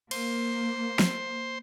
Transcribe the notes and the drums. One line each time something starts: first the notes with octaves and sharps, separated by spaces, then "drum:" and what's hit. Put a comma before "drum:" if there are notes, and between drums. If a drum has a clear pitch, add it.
A#3 C5, drum: cymbal
drum: snare